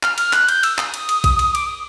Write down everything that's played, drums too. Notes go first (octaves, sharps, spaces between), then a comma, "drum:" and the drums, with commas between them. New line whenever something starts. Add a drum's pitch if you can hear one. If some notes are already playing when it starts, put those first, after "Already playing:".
F6, drum: clap
F6, drum: cymbal
F#6, drum: clap
G6, drum: cymbal
E6, drum: cymbal
D#6, drum: clap
drum: cymbal
drum: cymbal
drum: kick, cymbal
drum: cymbal
D6, drum: cymbal
D#6